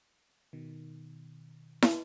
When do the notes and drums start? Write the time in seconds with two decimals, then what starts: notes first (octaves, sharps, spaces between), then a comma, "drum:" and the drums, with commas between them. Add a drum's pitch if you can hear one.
0.53 B2 D#3
1.82 drum: snare